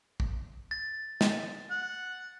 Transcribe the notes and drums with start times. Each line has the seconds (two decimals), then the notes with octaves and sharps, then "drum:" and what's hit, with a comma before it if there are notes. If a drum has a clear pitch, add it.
0.20 drum: kick A#1
0.71 A6
1.21 drum: snare
1.71 F#5